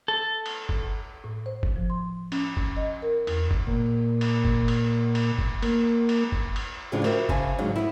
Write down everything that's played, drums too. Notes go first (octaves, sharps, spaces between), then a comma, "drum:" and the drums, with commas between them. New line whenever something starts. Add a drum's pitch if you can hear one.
A4
drum: cymbal
drum: kick F#1
A2
C5
drum: kick F#1
F3
C6
C#4, drum: cymbal
drum: kick F#1
D#5
A#4
E2, drum: cymbal
drum: kick F#1
A#2
drum: cymbal
drum: kick F#1
drum: cymbal
drum: cymbal
drum: kick F#1
A#3, drum: cymbal
drum: cymbal
drum: kick F#1
drum: cymbal
D2 A2 C#3 F3 D4 F4
F#4 A#4 C5 E5, drum: cymbal
C#3 C5 E5 G#5 A5, drum: kick F#1
G#2 C#3 F#3 D4 D#4
B3 E4